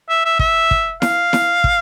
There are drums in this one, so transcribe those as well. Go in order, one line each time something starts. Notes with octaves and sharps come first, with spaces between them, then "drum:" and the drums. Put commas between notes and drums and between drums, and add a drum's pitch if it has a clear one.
E5
E5
E5, drum: kick
drum: kick
F5, drum: snare E4
drum: snare E4
drum: kick